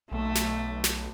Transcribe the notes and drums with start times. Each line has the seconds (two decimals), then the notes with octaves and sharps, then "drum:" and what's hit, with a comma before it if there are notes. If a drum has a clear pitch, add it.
0.11 B1 A3
0.36 drum: snare
0.84 drum: snare